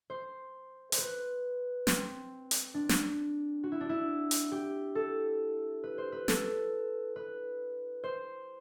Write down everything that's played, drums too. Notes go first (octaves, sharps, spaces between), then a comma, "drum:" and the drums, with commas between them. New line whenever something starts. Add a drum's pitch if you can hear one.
C5
C5, drum: hi-hat
B4
C4, drum: snare
drum: hi-hat
D4
drum: snare
F#4
E4
D4
E4
drum: hi-hat
G4
A4
B4
C5
B4
A4, drum: snare
B4
C5